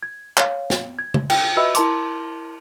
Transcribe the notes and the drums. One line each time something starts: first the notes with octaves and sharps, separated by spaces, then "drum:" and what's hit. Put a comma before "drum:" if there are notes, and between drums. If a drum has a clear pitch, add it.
G#6
C#5 F5, drum: clap
drum: snare
G#6
drum: tom C#3
G5, drum: cymbal
F#4 B4 D#5 E5 B5 E6
E4 A#4 A5 C6 D6, drum: hi-hat